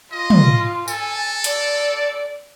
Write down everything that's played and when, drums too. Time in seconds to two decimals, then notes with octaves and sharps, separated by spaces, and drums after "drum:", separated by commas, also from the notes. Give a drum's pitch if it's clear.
0.12 F4 D#5
0.30 drum: tom
0.88 A4 G#5, drum: tambourine
1.44 D5, drum: hi-hat